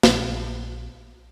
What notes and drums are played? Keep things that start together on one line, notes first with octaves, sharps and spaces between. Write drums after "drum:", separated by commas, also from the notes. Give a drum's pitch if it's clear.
A#1, drum: snare